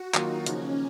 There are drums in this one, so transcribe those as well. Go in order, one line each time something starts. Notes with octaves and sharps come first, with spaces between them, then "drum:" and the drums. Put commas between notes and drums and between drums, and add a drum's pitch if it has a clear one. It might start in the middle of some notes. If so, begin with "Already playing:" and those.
Already playing: F#4
D#3 F#3 A#3 D#4 F4, drum: clap
C#3 F3 A#3 C#4, drum: hi-hat